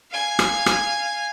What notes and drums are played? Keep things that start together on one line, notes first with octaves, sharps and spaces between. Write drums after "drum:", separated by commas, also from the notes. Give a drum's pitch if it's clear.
F5 G#5
drum: rim click
drum: rim click